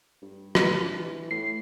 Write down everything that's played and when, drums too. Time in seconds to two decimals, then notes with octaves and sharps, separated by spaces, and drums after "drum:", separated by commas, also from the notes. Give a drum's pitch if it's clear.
0.22 G2
0.55 drum: rim click
0.88 E3
1.31 A2 C7